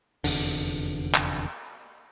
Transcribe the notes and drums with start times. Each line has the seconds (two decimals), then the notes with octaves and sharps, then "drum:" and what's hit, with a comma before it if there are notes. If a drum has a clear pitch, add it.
0.24 F1 E2 D3, drum: open hi-hat
1.15 drum: clap